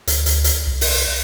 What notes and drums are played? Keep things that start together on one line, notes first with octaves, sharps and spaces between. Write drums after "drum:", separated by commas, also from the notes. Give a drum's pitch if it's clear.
D2, drum: hi-hat
drum: hi-hat
drum: hi-hat
C2
drum: open hi-hat